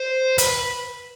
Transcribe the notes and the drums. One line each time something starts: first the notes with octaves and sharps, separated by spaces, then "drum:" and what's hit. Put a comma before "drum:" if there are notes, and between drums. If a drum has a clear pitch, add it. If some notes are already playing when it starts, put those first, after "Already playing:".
Already playing: C5
B4, drum: hi-hat